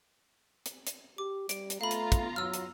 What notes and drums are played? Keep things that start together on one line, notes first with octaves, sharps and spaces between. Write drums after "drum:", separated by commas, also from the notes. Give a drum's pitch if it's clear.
drum: hi-hat
drum: hi-hat
G4 D6
G3 D7, drum: hi-hat
drum: hi-hat
A3 B3 F4 F5 A#5 B5
drum: hi-hat
drum: kick, hi-hat
F#3 E6 F6
drum: hi-hat